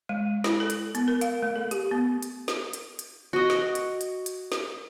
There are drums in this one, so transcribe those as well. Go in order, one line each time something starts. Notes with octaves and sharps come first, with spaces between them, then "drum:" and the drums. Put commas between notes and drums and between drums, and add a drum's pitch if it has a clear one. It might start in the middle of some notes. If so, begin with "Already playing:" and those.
G#3
E4, drum: snare
A4
drum: hi-hat
B3, drum: hi-hat
A#4
F5, drum: hi-hat
A3
A4
G4, drum: hi-hat
B3
drum: hi-hat
drum: snare
drum: hi-hat
drum: hi-hat
F#4 D#5
drum: snare
drum: hi-hat
drum: hi-hat
drum: hi-hat
drum: snare